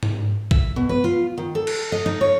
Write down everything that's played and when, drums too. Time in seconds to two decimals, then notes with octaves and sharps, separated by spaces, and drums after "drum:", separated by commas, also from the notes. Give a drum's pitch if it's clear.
0.03 drum: tom G#2
0.51 E5, drum: kick
0.76 B2
0.89 B4
1.04 F4
1.38 D#3
1.55 A4
1.67 drum: cymbal
1.92 D#5
2.06 D#4
2.21 C#5